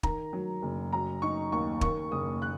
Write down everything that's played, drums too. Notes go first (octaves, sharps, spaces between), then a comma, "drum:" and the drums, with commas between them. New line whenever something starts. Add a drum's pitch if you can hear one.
D#3 A#5, drum: kick
F#3
F#1
F#3 A#5
D#4 C#6
D#2 C#6
D#3 C#6, drum: kick
F#1 D#6
F#6